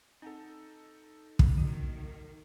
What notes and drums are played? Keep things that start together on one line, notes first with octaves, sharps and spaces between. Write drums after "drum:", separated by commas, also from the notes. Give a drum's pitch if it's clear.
C4 D#4 A4 F#5 A5
drum: kick
D#3 F#3 A#3 F#4